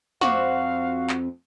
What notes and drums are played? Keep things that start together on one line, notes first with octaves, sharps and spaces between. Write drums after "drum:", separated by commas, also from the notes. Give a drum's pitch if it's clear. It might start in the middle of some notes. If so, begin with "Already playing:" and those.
F2 C4 F#4 D5 F5, drum: snare
drum: clap